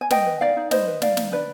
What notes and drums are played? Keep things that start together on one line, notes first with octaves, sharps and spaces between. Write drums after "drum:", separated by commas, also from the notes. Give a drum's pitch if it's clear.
G#5
B4 D#5 G5, drum: snare
B4
D#4 D5 F5
D#4
B4 C5 D#5, drum: snare
B4
D#4 D5 F5, drum: snare
D#4, drum: snare
D4 B4 D5